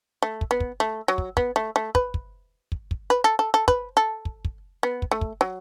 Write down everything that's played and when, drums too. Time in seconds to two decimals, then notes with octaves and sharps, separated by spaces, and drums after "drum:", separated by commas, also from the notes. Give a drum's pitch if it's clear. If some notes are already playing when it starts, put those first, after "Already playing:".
0.22 A3
0.41 drum: kick
0.51 B3
0.60 drum: kick
0.80 A3
1.08 F#3
1.18 drum: kick
1.37 B3, drum: kick
1.56 A3
1.76 A3
1.95 B4, drum: kick
2.14 drum: kick
2.72 drum: kick
2.91 drum: kick
3.10 B4
3.24 A4
3.39 A4
3.54 A4
3.68 B4, drum: kick
3.97 A4
4.25 drum: kick
4.45 drum: kick
4.83 B3
5.02 drum: kick
5.11 A3
5.21 drum: kick
5.41 F#3